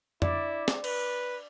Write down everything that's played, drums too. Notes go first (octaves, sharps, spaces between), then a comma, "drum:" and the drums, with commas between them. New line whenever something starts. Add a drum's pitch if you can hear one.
E4 D5, drum: tom F2
drum: snare
B4, drum: cymbal